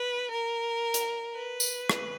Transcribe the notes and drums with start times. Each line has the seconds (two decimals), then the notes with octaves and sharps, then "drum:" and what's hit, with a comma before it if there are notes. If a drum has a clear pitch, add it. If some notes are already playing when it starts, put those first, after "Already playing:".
Already playing: B4
0.31 A#4
0.94 drum: hi-hat
1.35 B4
1.60 drum: tambourine
1.90 drum: rim click